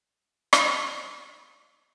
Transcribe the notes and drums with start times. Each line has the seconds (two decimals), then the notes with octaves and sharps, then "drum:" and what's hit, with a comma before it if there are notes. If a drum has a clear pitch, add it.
0.19 F#2 E4 G4 F5 C#6 A#6
0.53 drum: rim click